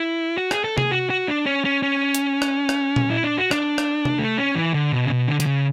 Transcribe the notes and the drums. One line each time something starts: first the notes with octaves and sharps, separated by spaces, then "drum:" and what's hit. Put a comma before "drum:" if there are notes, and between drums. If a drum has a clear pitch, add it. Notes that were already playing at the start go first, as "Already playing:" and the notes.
Already playing: E4
F#4
G#4, drum: rim click
A4
G#4, drum: tom C3
F#4
F#4
D4
C#4
C#4
C#4
drum: hi-hat
drum: rim click
drum: rim click
drum: tom A#2
E4
D4
F#4
D4, drum: rim click
drum: rim click
drum: tom C3
A3
C#4
E3
D3
B2
C#3
B2
D3
D3, drum: hi-hat
C#3